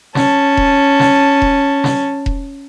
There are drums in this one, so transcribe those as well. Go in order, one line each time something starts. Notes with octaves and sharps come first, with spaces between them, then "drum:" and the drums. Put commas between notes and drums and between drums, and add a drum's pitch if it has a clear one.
C#4 A5, drum: snare
drum: kick E1
drum: snare
drum: kick E1
drum: snare
drum: kick E1